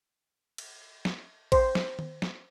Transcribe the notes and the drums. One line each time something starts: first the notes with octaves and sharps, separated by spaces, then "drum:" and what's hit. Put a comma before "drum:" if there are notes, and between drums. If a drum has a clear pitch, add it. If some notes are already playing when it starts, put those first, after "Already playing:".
drum: cymbal
drum: snare
C5, drum: kick, cymbal
drum: snare
drum: tom D#3
drum: snare